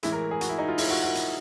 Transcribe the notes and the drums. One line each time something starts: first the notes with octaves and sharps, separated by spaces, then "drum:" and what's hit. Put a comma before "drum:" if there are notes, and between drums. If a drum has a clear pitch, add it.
A2 E3 G#3 E4, drum: hi-hat
A#4
G#4
F#4, drum: hi-hat
E4
D#4
F4
E4, drum: open hi-hat
F#4
F#4
drum: hi-hat